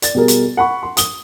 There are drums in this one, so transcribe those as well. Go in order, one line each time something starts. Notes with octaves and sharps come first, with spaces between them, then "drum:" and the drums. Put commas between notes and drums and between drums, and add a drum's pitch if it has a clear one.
D5 A6, drum: hi-hat
B2 G3 G#4 A#4
drum: hi-hat
F#5 B5 C#6
C6
D#6 G7, drum: hi-hat